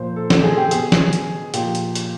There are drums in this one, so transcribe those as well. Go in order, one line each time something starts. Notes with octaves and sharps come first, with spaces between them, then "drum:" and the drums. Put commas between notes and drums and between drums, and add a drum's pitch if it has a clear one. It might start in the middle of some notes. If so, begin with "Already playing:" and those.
Already playing: A#2 F3 C5
A4
A4, drum: snare
G#4
G4
B2 G#4, drum: hi-hat
drum: snare
drum: hi-hat
A#2 F3 G4, drum: hi-hat
drum: hi-hat
drum: hi-hat